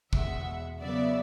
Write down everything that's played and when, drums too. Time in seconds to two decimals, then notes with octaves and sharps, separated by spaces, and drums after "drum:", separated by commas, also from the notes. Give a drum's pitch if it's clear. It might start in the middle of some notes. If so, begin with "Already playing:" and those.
0.13 E2 B2 G#3 E5 F#5, drum: kick
0.81 C#3 F#3 B3 D5 E5